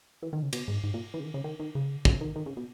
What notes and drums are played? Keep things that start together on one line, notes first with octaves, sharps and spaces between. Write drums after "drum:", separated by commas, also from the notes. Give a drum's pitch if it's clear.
E3
D#3
C#3
B2, drum: cymbal
G#2
G#2
A#2
E3
C#3
D#3
C#3
D#3
D#3
C#3
C#3, drum: kick
D#3
D#3
C#3
B2